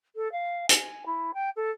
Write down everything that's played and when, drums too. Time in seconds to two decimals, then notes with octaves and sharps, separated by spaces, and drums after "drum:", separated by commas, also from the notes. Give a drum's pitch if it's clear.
0.16 A4
0.32 F5
0.69 G#5, drum: hi-hat
1.06 E4
1.34 G5
1.56 A4